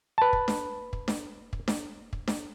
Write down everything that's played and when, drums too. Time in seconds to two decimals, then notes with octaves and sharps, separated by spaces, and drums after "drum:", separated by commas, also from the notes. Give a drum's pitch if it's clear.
0.18 B4 A5
0.33 drum: kick
0.48 drum: snare D4
0.93 drum: kick
1.08 drum: snare D4
1.53 drum: kick
1.68 drum: snare D4
2.13 drum: kick
2.28 drum: snare D4